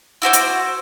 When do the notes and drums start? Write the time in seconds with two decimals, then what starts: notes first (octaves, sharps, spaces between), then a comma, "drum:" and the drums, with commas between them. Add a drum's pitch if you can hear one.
0.22 E4 F#4 C5 D6
0.33 drum: hi-hat